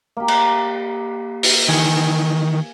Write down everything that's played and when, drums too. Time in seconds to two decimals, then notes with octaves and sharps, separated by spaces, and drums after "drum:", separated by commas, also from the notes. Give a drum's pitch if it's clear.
0.17 A#3 G4
0.28 drum: cymbal
1.43 drum: open hi-hat
1.69 D#3 E3 G#5